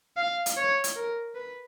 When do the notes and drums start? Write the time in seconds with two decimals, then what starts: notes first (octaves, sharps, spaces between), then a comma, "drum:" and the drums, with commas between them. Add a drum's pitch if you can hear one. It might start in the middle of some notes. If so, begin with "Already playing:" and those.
0.17 F5
0.46 drum: hi-hat
0.57 C#5
0.84 drum: hi-hat
0.96 A#4
1.35 B4